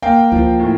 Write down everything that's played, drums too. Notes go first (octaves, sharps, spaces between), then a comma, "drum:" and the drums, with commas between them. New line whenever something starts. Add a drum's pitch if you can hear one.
A#3 F5 G5
F3, drum: kick C#2
A2